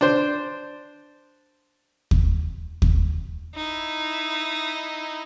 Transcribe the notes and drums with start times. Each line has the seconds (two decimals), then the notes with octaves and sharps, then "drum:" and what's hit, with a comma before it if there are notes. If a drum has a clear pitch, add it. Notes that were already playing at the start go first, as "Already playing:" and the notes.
0.01 D4 C5
2.11 drum: kick
2.82 drum: kick
3.55 D#4 E4